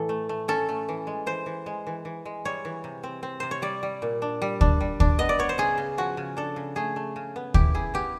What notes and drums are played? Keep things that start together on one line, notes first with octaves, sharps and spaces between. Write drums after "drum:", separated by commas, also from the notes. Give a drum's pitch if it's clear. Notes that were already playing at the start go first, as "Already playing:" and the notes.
Already playing: A2 E3 A4
A3
A3
C#4 A4
A3
E3
G#3
E3 C5
E3
G#3
E3
E3
G#3
G3 C#5
E3
C3
C4
C4
C3 C5
C#5
G3 D5
G3
A#2
D4
G3
D4, drum: kick D2
G3
D4, drum: kick D2
B3 D#5
D5
B3 C#5
C5
C#3 G#4
C#3
F3 F#4
C#3
D4 A4
C#3
A3 G#4
A3
C#3
B3
E4 G4, drum: kick D2
E4 G#4
B3 G4